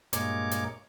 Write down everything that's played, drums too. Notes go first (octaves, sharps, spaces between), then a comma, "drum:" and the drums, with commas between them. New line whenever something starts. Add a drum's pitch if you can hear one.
G2 A#2 G#3 A#3 C#5 D6, drum: hi-hat
drum: hi-hat